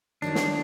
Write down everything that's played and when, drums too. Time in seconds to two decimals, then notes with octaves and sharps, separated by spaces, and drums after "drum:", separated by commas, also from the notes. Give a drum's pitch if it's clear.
0.22 D#3 F#3 A#3 D4 D#4
0.35 drum: snare